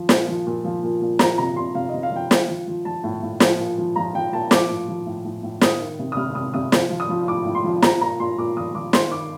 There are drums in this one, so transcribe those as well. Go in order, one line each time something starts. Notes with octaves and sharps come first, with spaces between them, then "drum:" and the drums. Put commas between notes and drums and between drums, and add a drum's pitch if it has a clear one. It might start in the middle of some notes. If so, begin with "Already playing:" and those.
Already playing: F3
A#2, drum: snare
F3
A#2
F3
A#2
A#2
F3 A#5, drum: snare
C3 A#5
C3 C6
C3 F5
D#5
C3
F5
F3 G5
F3, drum: snare
F3
F3
F3 A5
A2
A2
F3, drum: snare
A#2
F3
F3 A#5
F3 G5
A#2 A5
F3 D6, drum: snare
A2
F3
A2
A2
A2
D#3 D#6, drum: snare
D#3
C3
D#6
C3 F6
C3 D#6
C3 D#6
F3, drum: snare
F3
D#6
F3
A2 D6
A2
C6
F3
F3 A#5, drum: snare
A#2 A#5
A#2 C6
A#2 D6
F3 D#6
F3 D6
D#3 C6, drum: snare
D#3 D6